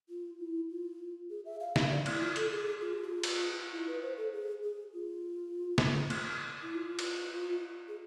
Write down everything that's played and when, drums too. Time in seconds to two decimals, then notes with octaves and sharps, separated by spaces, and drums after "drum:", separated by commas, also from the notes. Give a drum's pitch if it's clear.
0.09 F4
0.39 E4
0.70 F4
1.30 G#4
1.45 E5
1.60 F5
1.76 E5, drum: snare
1.90 D5
2.06 E4, drum: cymbal
2.21 F4
2.36 A4, drum: hi-hat
2.51 G#4
2.81 F4
2.93 G#4
3.06 F4
3.23 drum: cymbal
3.72 E4
3.87 B4
4.02 C5
4.17 A4
4.32 G#4
4.63 G#4
4.93 F4
5.78 drum: snare
6.10 drum: cymbal
6.62 E4
6.75 F4
6.99 drum: cymbal
7.88 G#4